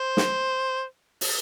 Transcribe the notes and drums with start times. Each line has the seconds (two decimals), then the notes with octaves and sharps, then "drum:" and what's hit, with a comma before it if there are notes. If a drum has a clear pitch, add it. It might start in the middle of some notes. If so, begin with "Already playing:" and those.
Already playing: C5
0.17 drum: snare
1.21 drum: open hi-hat